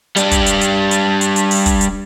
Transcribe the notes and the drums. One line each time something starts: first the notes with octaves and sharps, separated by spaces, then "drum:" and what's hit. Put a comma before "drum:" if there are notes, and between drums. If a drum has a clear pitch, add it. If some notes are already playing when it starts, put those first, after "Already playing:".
G3 D4, drum: hi-hat
drum: kick, hi-hat
drum: hi-hat
drum: hi-hat
drum: hi-hat
drum: hi-hat
drum: hi-hat
drum: open hi-hat
drum: kick, hi-hat
drum: hi-hat